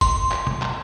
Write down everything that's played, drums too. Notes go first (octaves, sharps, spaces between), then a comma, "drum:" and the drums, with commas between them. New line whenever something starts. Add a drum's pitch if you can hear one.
C6, drum: kick, hi-hat
drum: clap
drum: tom B2
drum: clap